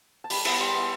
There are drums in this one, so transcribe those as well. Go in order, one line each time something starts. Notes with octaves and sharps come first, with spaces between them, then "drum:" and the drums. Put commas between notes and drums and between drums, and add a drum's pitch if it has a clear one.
A5
G3 B5, drum: open hi-hat
B3 E4 B5, drum: cymbal
G3 C6
B3 E4